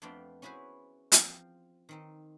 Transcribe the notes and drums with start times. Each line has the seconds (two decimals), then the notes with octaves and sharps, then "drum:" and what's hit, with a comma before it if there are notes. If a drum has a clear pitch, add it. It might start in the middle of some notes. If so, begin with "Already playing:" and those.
0.02 F2 A3 B3 C4 D4 F4
0.42 C#4 E4 F#4 G#4 B4 C5
1.12 F3 C4, drum: hi-hat
1.89 D#3 C4 D#4